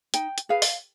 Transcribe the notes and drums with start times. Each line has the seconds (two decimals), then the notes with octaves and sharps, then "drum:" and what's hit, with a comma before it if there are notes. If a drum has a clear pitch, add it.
0.14 D#4 G5, drum: hi-hat
0.38 drum: hi-hat
0.49 G#4 B4 F5
0.62 drum: open hi-hat